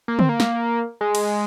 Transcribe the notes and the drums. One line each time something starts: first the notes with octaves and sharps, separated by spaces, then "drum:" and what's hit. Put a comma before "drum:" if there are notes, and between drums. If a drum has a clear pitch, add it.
A#3
C4, drum: tom D3
A#3
drum: snare
G#3
drum: cymbal